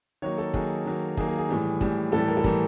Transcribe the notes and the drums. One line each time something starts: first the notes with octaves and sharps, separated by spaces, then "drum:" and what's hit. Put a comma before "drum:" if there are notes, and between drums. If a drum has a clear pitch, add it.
D#3 F#3 A#3 C#5
A4
D#3 F#3 A#3 G#4, drum: kick
D#3 F#3 A#3
D#3 F#3 A#3 G#4, drum: kick
G#4
G#4
A2 E3 G3
A2 E3 G3, drum: kick
A2 E3 G3 A4
A#4
A4
A2 E3 G3 A#4, drum: kick